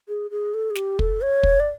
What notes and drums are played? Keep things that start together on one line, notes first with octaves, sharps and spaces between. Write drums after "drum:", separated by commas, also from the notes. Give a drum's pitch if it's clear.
G#4
G#4
A4
G#4
G4, drum: snare
A4, drum: kick
C#5
drum: kick
D5